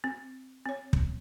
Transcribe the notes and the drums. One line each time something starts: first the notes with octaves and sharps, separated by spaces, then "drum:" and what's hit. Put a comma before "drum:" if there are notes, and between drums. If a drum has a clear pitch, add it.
C4
C4 C#5
drum: kick